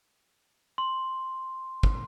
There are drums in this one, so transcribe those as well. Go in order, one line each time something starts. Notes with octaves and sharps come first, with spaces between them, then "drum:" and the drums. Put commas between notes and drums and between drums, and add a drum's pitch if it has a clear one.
C6
drum: kick